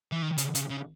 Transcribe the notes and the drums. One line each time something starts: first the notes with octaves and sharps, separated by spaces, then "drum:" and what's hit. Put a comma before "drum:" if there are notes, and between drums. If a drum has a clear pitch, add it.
E3
D#3
C#3, drum: hi-hat
C#3, drum: hi-hat
C#3